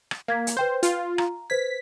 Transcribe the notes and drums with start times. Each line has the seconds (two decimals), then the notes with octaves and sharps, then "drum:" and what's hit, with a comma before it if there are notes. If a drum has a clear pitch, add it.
0.11 drum: rim click
0.28 A#3 F5 G#6 B6
0.47 drum: hi-hat
0.57 B4 C5 G5 G6
0.83 F4, drum: hi-hat
1.18 A#5, drum: rim click
1.50 B4 C5 G#6 B6